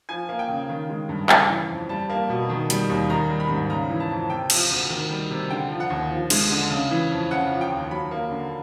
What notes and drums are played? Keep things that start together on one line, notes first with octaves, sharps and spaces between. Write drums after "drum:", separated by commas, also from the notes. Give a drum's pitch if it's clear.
F3 G#5
A#3
G5
C#3
D#3
G#3
G2
C#3, drum: clap
E3
F2
G3 A5
A#3
B2
D#3
G3, drum: hi-hat
D#2
D#3 A#5
G3
B5
G#2
C#3 A#5
E3
A5
F2
C3 G5
F3, drum: cymbal
D2
D#3
G3
C3
D3 G5
F3
F#5
D#2
F3
G#3, drum: cymbal
D3
C#3
E3
F2
C#3 F#5
F3
G5
D#2
F#3 B5
A#3
D3